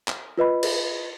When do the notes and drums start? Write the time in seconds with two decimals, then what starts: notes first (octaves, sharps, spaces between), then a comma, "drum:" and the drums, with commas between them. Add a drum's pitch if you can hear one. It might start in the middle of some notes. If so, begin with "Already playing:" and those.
0.08 drum: clap
0.38 F4 B4 D#5 B5
0.63 drum: cymbal